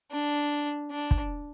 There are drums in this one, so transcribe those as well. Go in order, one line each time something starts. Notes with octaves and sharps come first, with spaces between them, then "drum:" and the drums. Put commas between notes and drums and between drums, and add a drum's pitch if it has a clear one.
D4
D4
drum: kick